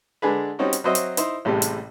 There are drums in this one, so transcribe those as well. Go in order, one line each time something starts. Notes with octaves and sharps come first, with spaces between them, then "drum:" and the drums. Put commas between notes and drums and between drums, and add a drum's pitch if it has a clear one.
D3 G#3 D4 G#4 B4
G3 C4 C#4 D#4 F#4
drum: hi-hat
F#3 C4 F#4 C5 D#5 E5
drum: hi-hat
D#4 E4 C5, drum: hi-hat
A1 A2 C3 G3 G#3
drum: hi-hat